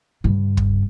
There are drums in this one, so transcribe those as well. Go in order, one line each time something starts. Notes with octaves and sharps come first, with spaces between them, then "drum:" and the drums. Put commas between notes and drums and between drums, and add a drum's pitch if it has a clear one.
G2 C#3
drum: kick